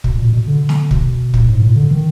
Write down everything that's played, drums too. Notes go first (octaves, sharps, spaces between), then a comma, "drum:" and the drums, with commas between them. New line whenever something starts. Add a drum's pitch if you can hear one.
B2, drum: kick
A#2
B2
D3
drum: snare
B2, drum: kick
A#2, drum: kick
G#2
A#2
D3
D#3